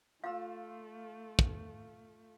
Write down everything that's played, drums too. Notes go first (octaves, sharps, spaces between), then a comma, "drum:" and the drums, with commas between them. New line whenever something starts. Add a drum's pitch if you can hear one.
A3 F4 F5 E6
drum: kick